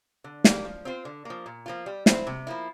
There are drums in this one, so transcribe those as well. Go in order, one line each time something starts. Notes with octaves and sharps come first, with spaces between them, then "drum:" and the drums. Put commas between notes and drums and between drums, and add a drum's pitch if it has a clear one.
D3
G3 A#3, drum: snare
F3
C4 F4 C5
D3
F3 A#3
A#2
F3 A#3 F4
G3
C4 E4 G4 C5, drum: snare
C3
F3 A#3 E4